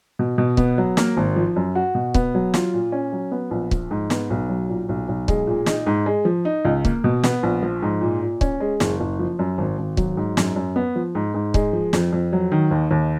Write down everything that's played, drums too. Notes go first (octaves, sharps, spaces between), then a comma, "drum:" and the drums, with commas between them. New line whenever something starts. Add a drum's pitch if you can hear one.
B2
B2
B3, drum: kick C#1
F#3
A#3, drum: snare
G#1
F3
F#2
F#4
B2
B3, drum: kick C#1
F#3
F4, drum: snare
A#2
C#4
F#3
B3
A#1
F3, drum: kick C#1
G#2
B3, drum: snare
B1
F#3
A#2
B1
B1
G#3, drum: kick C#1
A#2
D#4, drum: snare
G#2
G#3
F3
D#4
C#2
A#3, drum: kick C#1
B2
B3, drum: snare
A#1
F3
G#2
A#2
A#2
C#4, drum: kick C#1
G#3
F#1, drum: snare
F#1
F3
F#2
G#1
G#1
F#3, drum: kick C#1
G#2
F#2, drum: snare
F#2
B3
F3
G#2
G#2
G#3, drum: kick C#1
F3
F2, drum: snare
F2
F#3
D#3
D#2
D#2